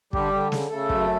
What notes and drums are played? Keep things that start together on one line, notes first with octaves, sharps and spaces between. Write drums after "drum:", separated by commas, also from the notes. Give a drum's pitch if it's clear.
D3 G3 G4, drum: kick
D3
C#3, drum: snare
C#3 A3 A4
F#2, drum: kick